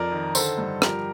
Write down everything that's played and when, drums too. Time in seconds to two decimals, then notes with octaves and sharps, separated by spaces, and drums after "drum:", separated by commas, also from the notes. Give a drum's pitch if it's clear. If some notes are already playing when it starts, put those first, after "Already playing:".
Already playing: F2 F3 A#4 D5
0.12 D#3
0.35 D3 A4 C5, drum: tambourine
0.58 G2
0.82 F3 G4 A#4, drum: rim click